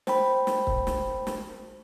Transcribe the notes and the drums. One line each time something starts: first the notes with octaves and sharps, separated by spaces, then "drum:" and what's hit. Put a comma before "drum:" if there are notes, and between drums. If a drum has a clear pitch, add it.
C5 G5 B5, drum: snare
drum: snare
drum: kick
drum: snare
drum: snare